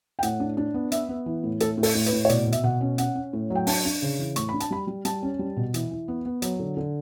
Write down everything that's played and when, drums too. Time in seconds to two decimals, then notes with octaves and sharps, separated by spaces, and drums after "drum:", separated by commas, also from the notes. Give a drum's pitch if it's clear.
0.19 G5
0.23 A2 F#5, drum: hi-hat
0.40 D4
0.57 D4
0.74 B3
0.92 B3 E5, drum: hi-hat
1.09 B3
1.26 E3
1.43 A2
1.60 A2 A4, drum: hi-hat
1.78 A2
1.83 A4, drum: open hi-hat
1.95 A2
2.06 B4, drum: hi-hat
2.12 A2
2.25 C#5
2.29 B2 D5, drum: hi-hat
2.47 B2
2.52 E5, drum: hi-hat
2.63 B2 F#5
2.81 C#4
2.98 C#4 F#5, drum: hi-hat
3.15 C#4
3.33 A2
3.50 F#3
3.55 G5
3.67 D4 A5, drum: open hi-hat
3.85 D4
4.02 C#3
4.19 E3
4.36 A2 C#6, drum: hi-hat
4.49 D4 B5
4.60 A5, drum: hi-hat
4.71 G3 B5
4.87 G3
5.05 G3 A5, drum: hi-hat
5.23 C#4
5.39 G3
5.57 B2
5.74 E3, drum: hi-hat
5.91 E3
6.08 B3
6.26 B3
6.42 F#3, drum: hi-hat
6.60 D3
6.77 D3